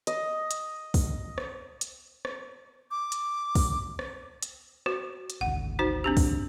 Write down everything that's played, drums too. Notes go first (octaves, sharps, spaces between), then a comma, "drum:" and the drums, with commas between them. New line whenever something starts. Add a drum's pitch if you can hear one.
D#5, drum: hi-hat
drum: hi-hat
drum: kick, open hi-hat
drum: rim click
drum: hi-hat
drum: rim click
D6
drum: hi-hat
drum: kick, open hi-hat
drum: rim click
drum: hi-hat
F#4, drum: rim click
drum: hi-hat
G#1 D2 F#5
D#4 F#4 C5
C4 D4 G4
drum: kick, open hi-hat